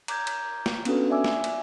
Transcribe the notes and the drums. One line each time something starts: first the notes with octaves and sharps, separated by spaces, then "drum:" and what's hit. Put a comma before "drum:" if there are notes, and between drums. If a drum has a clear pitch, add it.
A#5 D6 G6 G#6, drum: cymbal
drum: cymbal
drum: snare
B3 C#4 D4 F#4 A4 B4, drum: cymbal
D5 E5 G#5 D6 E6
drum: snare
drum: cymbal